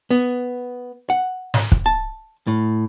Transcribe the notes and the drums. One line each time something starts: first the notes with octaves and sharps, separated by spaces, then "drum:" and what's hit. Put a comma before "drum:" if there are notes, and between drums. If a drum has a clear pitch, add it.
B3
F#5
drum: snare
drum: kick
A5
A2